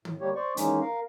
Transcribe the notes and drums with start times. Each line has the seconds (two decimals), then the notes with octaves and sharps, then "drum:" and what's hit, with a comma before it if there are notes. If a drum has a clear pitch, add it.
0.05 A2, drum: tom
0.21 G3 A#3 G4 C#5
0.35 C5 D5 C#6
0.57 D#3 E3 G#3 A#3 C#4 D#4, drum: hi-hat
0.81 A#4 F5